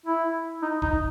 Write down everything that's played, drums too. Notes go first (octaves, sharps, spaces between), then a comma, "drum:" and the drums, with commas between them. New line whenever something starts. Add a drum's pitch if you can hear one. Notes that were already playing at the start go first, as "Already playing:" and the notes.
E4
D#4
D#4, drum: kick